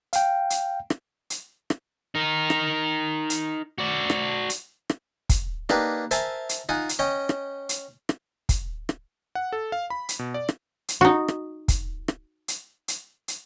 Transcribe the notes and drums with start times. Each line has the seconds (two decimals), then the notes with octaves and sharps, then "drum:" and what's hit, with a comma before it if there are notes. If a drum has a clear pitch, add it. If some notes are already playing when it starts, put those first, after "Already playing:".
0.13 F5 G5, drum: hi-hat
0.50 drum: hi-hat
0.90 drum: rim click
1.30 drum: hi-hat
1.70 drum: rim click
2.15 D#4 A#4
2.50 drum: rim click
3.30 drum: hi-hat
3.78 F#4 D5
4.10 drum: rim click
4.50 drum: hi-hat
4.90 drum: rim click
5.29 drum: kick, hi-hat
5.69 A#3 D4 D#4 G4 B4, drum: rim click
6.11 A#4 C5 E5 G#5 A5, drum: hi-hat
6.49 drum: hi-hat
6.69 D#4 F4 F#5 G#5
6.89 drum: hi-hat
6.99 C#4 C#5 D#5 G5
7.29 drum: rim click
7.69 drum: hi-hat
8.09 drum: rim click
8.49 drum: kick, hi-hat
8.89 drum: rim click
9.35 F#5
9.53 A4
9.72 F5
9.90 B5
10.09 drum: hi-hat
10.19 B2
10.34 D5
10.49 drum: rim click
10.88 drum: hi-hat
11.01 D#4 F#4
11.28 drum: rim click
11.68 drum: kick, hi-hat
12.08 drum: rim click
12.48 drum: hi-hat
12.88 drum: hi-hat
13.28 drum: hi-hat